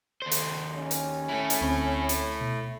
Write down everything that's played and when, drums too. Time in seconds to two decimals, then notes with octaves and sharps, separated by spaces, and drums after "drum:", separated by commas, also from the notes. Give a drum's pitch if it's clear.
0.22 D#2 C5
0.31 drum: hi-hat
0.76 C#4
0.91 drum: hi-hat
1.29 A3 E4
1.50 drum: hi-hat
1.61 D2 C4 B5
2.09 drum: hi-hat
2.41 B2